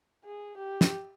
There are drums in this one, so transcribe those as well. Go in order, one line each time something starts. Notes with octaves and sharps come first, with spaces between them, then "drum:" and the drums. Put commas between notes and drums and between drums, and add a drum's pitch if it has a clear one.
G#4
G4
drum: snare